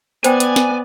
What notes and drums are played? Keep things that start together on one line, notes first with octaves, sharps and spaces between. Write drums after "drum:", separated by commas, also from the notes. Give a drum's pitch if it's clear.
B3 C5 D5 G5 G#5, drum: hi-hat
drum: hi-hat
drum: snare